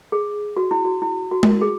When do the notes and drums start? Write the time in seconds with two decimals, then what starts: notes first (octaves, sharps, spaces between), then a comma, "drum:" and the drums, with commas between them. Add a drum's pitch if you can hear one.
0.12 G#4
0.57 F#4
0.71 E4
0.85 F#4
1.02 E4
1.31 F#4
1.43 drum: tom G#3
1.61 G#4